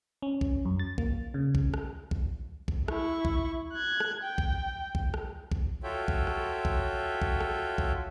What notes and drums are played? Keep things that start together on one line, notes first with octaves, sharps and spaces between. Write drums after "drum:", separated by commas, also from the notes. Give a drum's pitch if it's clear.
C#4
drum: kick A#1
F#2
A6
A#3, drum: kick A#1
C#3
drum: kick A#1
drum: rim click
drum: kick A#1
drum: kick A#1
E4 C#6, drum: rim click
drum: kick A#1
F#6 G#6
drum: rim click
G5
drum: kick A#1
drum: kick A#1
drum: rim click
drum: kick A#1
F4 F#4 A4 C#5 E5 G5
drum: kick A#1
drum: rim click
drum: kick A#1
drum: kick A#1
drum: rim click
drum: kick A#1